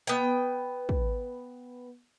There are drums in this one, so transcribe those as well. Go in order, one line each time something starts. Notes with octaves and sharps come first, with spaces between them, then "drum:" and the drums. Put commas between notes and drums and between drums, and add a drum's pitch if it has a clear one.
B3 G5
drum: kick